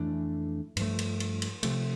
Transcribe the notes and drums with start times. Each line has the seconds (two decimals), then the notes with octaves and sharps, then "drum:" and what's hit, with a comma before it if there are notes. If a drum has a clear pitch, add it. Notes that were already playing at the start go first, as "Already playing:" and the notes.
Already playing: F2 E3 A3 D4
0.77 G2 F3 A3, drum: cymbal
0.99 drum: cymbal
1.20 drum: cymbal
1.42 drum: cymbal
1.63 C3 F3 A3, drum: cymbal